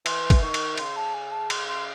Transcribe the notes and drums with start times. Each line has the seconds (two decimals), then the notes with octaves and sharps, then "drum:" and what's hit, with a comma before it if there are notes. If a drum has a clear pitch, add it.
0.06 E3 C6, drum: cymbal
0.30 drum: kick, cymbal
0.42 D#3 C#6
0.54 drum: cymbal
0.72 C3
0.77 C#3 C6, drum: cymbal
0.96 A5
1.14 G#5
1.31 A5
1.50 C6, drum: cymbal
1.68 C6